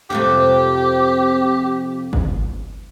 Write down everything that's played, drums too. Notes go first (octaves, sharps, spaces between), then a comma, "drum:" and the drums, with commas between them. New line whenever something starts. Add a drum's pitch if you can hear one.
F2 C3 A3 G4, drum: snare
drum: kick G1